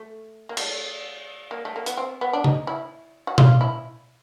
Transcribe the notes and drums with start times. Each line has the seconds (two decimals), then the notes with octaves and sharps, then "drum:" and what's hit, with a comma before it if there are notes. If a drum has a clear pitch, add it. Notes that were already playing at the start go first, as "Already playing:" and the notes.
Already playing: A3
0.49 A#3
0.57 A3, drum: cymbal
1.51 A#3
1.65 A3
1.76 A#3
1.86 B3, drum: hi-hat
1.97 C4
2.21 B3
2.33 D4
2.44 D#4, drum: tom C#3
2.67 E4
3.27 F#4
3.38 F4, drum: tom B2
3.61 E4